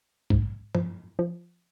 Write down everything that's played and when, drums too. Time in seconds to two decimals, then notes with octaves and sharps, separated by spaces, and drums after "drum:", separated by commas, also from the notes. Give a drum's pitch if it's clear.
0.30 G#2, drum: kick A#1
0.75 F3, drum: tom
1.19 F3